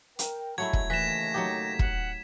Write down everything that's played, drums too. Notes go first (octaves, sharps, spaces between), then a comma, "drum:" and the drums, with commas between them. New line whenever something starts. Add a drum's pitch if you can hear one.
A#4 G5, drum: hi-hat
F#3 G#3 A3 E4 G#6
drum: kick
D#2 C#3 E3 A3 A#6 B6 E7
F#3 D#4 G4
F#5, drum: kick